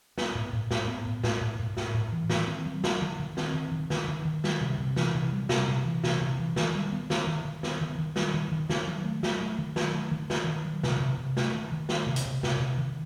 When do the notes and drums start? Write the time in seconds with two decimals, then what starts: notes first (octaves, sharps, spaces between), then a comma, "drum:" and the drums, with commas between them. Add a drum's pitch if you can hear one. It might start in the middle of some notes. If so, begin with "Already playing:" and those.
0.18 B3, drum: snare
0.35 A2
0.53 A2
0.71 A2, drum: snare
0.88 B3
1.06 A2
1.23 A2, drum: snare
1.41 A2
1.59 A2
1.77 A2, drum: snare
1.94 A2
2.12 E3
2.30 D#3, drum: snare
2.47 C4
2.66 F#3
2.84 F#3, drum: snare
3.02 D#3
3.20 D#3
3.37 C4, drum: snare
3.54 D#3
3.72 D#3
3.90 D#3, drum: snare
4.08 D#3
4.25 D#3
4.44 G3, drum: snare
4.61 C3
4.78 C3
4.96 E3, drum: snare
5.15 C3
5.33 G3
5.49 C3, drum: snare
5.68 C3
5.85 E3
6.04 C3, drum: snare
6.21 C3
6.39 E3
6.56 D#3, drum: snare
6.74 G3
6.93 B3
7.10 D#3, drum: snare
7.27 D#3
7.45 D#3
7.63 B3, drum: snare
7.81 D#3
7.98 D#3
8.16 G3, drum: snare
8.34 D#3
8.52 D#3
8.69 D#3, drum: snare
8.87 F#3
9.05 A3
9.23 F#3, drum: snare
9.41 A3
9.58 D#3
9.76 F#3, drum: snare
9.94 A3
10.11 D#3
10.30 D#3, drum: snare
10.47 D#3
10.65 F#3
10.83 C3, drum: snare
11.00 C3
11.18 C3
11.37 A3, drum: snare
11.54 D#3
11.72 D#3
11.89 A3, drum: snare
12.07 C3
12.16 drum: hi-hat
12.25 C3
12.43 C3, drum: snare
12.60 C3
12.78 D#3